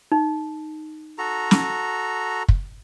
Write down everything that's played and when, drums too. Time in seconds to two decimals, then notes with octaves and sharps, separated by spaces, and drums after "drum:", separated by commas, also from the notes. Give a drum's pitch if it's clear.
0.12 D#4
1.18 F#4 A4 A#5
1.51 drum: snare
2.49 drum: kick